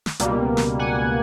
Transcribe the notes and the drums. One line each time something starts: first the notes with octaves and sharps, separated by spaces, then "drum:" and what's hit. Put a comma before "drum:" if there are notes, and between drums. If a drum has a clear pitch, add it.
drum: snare
C#2 B2 G3 A#3, drum: hi-hat
drum: snare
F#5 G#5